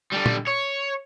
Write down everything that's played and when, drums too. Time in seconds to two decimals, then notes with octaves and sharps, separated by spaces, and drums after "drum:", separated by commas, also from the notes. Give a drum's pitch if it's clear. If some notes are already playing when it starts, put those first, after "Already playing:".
0.12 D3 G3
0.26 drum: tom
0.48 C#5